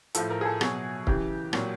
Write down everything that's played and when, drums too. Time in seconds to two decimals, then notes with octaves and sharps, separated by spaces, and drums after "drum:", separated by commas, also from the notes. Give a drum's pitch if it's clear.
0.15 A2 F3 A4, drum: hi-hat
0.30 A#4
0.41 G#4
0.45 A4
0.61 B2 F#3 G#4, drum: rim click
1.07 C#3 E3 G4, drum: kick C#1
1.53 A#2 F#3, drum: rim click